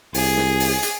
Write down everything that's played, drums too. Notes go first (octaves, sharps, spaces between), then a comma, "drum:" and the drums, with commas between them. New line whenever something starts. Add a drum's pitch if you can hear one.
C2 G#4, drum: open hi-hat
drum: snare
drum: open hi-hat
drum: hi-hat